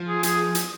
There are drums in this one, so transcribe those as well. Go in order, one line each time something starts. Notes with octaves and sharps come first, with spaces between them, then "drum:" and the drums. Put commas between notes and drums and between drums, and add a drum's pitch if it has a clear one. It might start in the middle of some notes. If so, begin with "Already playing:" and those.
Already playing: F3
G#4
G#4, drum: hi-hat
drum: hi-hat